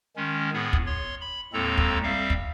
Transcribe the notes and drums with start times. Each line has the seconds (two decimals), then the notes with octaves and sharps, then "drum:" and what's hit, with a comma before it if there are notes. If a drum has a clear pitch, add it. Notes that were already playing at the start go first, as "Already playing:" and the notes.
0.16 D#3 G#3 C#4
0.53 A2 B3 G#4
0.73 drum: kick
0.86 C#5 C6
1.21 B5
1.53 D#2 A2 G#3 C4 A4 A#5
1.78 drum: kick
2.03 G3 C4 E5 F5
2.30 drum: kick